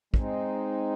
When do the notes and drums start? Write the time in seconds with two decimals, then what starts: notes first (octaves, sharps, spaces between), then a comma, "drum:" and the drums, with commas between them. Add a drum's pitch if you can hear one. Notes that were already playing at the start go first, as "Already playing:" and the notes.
0.14 G#3 C4 D#4, drum: kick